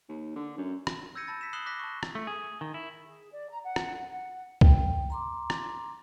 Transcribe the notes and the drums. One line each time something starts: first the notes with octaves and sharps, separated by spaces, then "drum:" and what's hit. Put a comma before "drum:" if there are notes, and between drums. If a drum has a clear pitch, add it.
D#2
D3
F#2
drum: rim click
E6 G6 G#6 A#6 C#7 D#7
A5 B5 A6
B6 E7
D#6 F#6 C7 E7 F#7 G7
D6 F#6 A#6 B6
A5 C#6
drum: rim click
A3
G#4
D#3
E4
G#4
D5
A#5
F#5
drum: rim click
F#5
G5, drum: kick C2
A#5 C6 D6
drum: rim click